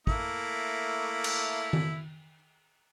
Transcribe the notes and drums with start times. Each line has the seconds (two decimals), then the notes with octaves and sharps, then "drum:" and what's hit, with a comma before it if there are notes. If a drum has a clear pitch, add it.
0.07 A3 A#3 E4, drum: kick
1.24 drum: cymbal
1.73 drum: tom D#3